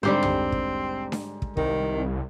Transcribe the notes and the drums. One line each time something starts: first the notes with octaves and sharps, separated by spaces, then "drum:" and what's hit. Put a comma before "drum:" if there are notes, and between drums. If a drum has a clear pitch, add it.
G#2 D3 G3 C4 G4 C5
drum: tom
drum: kick
drum: snare D4
drum: kick
C2 D#3, drum: kick